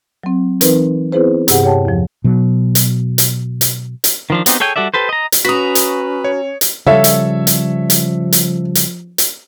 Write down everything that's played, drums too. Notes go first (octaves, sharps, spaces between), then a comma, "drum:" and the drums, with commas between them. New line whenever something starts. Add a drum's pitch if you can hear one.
F#3 C4
E3 C4 D#4 A#4 B4, drum: hi-hat
B3 C4 E4 G#4 B4 C5
G2 C3 G4 G#4 F#5, drum: hi-hat
G4 C#5 F#5 G5 A5
E2 F3
B2 F#3
drum: hi-hat
drum: hi-hat
drum: hi-hat
drum: hi-hat
D#3 F3 D4
B3 C4 D#4 G4, drum: hi-hat
G#4 A4 C#5 G5 G#5
G3 F#4 A4 D5 E5
G4 A4 B4 C5
D#5 A#5
drum: hi-hat
C#4 F#4 B4 A#5 D#6 B6
drum: hi-hat
C#5
drum: hi-hat
C#3 F3 G3 A4 C#5 E5 F5
drum: hi-hat
drum: hi-hat
drum: hi-hat
drum: hi-hat
drum: hi-hat
drum: hi-hat